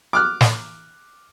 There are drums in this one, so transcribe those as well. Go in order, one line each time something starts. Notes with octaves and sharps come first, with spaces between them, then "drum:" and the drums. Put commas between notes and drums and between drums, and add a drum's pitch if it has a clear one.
D6 F6 F#6
drum: snare